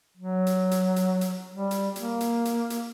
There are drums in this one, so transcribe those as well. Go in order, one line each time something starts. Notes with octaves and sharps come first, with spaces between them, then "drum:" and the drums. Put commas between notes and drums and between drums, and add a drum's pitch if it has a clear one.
F#3
drum: hi-hat
drum: hi-hat
drum: hi-hat
drum: hi-hat
G3
drum: hi-hat
A#3, drum: hi-hat
drum: hi-hat
drum: hi-hat
drum: hi-hat